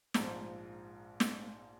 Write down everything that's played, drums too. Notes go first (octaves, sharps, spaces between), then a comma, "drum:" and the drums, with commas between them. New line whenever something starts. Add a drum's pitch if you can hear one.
A#1 G#2 F3 A#5, drum: snare
drum: snare